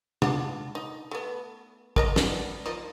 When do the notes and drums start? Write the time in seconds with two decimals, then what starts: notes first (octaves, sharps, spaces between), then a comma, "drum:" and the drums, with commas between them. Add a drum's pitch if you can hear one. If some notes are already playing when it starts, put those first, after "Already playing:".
0.22 D4 F4 F#5, drum: tom
0.75 D#4
1.11 A3 B3
1.96 A#4 D#5 A#5, drum: kick
2.16 B3 D4, drum: snare
2.66 F3 A#3 D#4